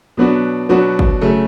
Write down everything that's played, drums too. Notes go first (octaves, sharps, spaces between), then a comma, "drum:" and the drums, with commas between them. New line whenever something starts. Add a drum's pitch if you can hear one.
B2 F#3 B3 D4 F#4
B2 F#3 B3 D4 F#4
drum: kick
C#3 F#3 A3